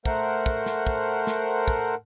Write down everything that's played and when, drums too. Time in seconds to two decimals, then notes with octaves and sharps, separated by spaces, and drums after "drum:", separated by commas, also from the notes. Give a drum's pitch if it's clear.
0.05 A3 A#4 C5 F#5, drum: kick
0.46 drum: kick
0.66 drum: snare
0.87 drum: kick
1.27 drum: snare
1.68 drum: kick